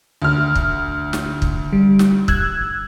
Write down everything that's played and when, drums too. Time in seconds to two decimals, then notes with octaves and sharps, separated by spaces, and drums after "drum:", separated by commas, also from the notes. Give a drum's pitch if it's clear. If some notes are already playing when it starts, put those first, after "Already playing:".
0.22 D2 F6
0.55 drum: kick
1.13 drum: snare
1.42 drum: kick
1.73 G3
1.99 drum: snare
2.28 E6 F#6 G#6, drum: kick